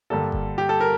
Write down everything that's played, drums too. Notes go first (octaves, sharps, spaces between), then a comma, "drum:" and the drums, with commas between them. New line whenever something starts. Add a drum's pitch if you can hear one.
G2 D3 G3 A#3 A4
drum: kick F#1
G4
A4
A#4